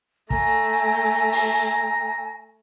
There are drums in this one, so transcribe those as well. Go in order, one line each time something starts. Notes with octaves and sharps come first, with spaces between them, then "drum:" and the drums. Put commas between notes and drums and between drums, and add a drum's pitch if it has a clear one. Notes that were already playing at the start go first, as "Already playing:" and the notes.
A3 G#5 A#5, drum: kick
drum: open hi-hat